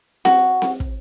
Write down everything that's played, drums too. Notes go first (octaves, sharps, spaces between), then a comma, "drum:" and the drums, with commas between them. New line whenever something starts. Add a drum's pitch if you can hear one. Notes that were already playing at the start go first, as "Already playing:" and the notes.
F#4, drum: snare C4
drum: snare C4
drum: kick